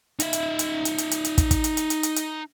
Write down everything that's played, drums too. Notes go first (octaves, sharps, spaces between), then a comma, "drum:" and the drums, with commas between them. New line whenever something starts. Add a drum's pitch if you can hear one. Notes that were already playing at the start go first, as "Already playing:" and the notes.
D#4 E5, drum: hi-hat
drum: hi-hat
drum: hi-hat
drum: hi-hat
drum: hi-hat
drum: hi-hat
drum: hi-hat
drum: kick, hi-hat
drum: kick, hi-hat
drum: hi-hat
drum: hi-hat
drum: hi-hat
drum: hi-hat
drum: hi-hat